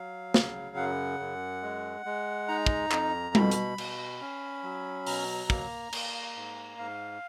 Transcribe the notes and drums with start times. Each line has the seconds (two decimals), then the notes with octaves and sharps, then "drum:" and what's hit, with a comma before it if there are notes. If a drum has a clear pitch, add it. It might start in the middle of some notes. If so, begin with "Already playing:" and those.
Already playing: F#3 F5
0.34 C#3, drum: snare
0.76 F#2 F#5
1.20 F#2
1.62 G#3
2.06 G#3
2.48 D#4 A#5
2.66 drum: kick
2.91 F2, drum: clap
3.35 B2 B5, drum: tom G3
3.51 drum: hi-hat
3.78 B2, drum: cymbal
4.21 C#4
4.63 F#3
5.07 B2 A#5, drum: open hi-hat
5.50 A#3, drum: kick
5.92 A#3, drum: cymbal
6.36 G#2
6.79 G#2 F5